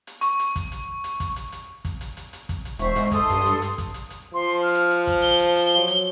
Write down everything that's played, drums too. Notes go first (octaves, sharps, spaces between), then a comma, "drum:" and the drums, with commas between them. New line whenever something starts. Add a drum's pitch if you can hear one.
drum: hi-hat
C#6, drum: hi-hat
drum: hi-hat
drum: kick, hi-hat
drum: hi-hat
drum: hi-hat
drum: kick, hi-hat
drum: hi-hat
drum: hi-hat
drum: kick, hi-hat
drum: hi-hat
drum: hi-hat
drum: hi-hat
drum: kick, hi-hat
drum: hi-hat
E1 C5 E5 C#6, drum: hi-hat
G#2, drum: hi-hat
A4 C6 D#6, drum: kick, hi-hat
G2, drum: hi-hat
drum: hi-hat
drum: hi-hat
drum: kick, hi-hat
drum: hi-hat
drum: hi-hat
F3 C6
F6
drum: hi-hat
drum: hi-hat
drum: kick, hi-hat
G7, drum: hi-hat
drum: hi-hat
drum: hi-hat
F#3
drum: hi-hat